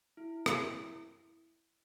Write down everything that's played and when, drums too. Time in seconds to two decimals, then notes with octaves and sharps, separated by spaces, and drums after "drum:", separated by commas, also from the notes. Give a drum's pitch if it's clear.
0.17 E4
0.46 drum: rim click